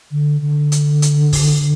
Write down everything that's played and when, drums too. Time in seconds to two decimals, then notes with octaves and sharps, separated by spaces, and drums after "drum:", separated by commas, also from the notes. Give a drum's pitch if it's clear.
0.11 D3
0.41 D3
0.72 drum: hi-hat
1.02 drum: hi-hat
1.33 drum: kick, open hi-hat